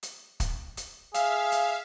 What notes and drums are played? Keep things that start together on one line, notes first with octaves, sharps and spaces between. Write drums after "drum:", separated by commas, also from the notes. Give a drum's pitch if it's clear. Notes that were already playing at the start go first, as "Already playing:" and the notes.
drum: hi-hat
drum: kick, hi-hat
drum: hi-hat
G#4 E5 F5, drum: hi-hat
drum: hi-hat